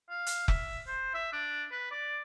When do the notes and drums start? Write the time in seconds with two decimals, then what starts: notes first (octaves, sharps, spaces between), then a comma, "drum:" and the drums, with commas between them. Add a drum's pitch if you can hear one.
0.10 F5
0.26 drum: hi-hat
0.48 E5, drum: kick F1
0.87 C5
1.14 E5
1.32 D4
1.71 B4
1.91 D5